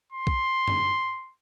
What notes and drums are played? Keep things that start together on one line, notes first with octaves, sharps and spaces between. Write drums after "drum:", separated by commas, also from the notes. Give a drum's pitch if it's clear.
C6
drum: kick B1
drum: tom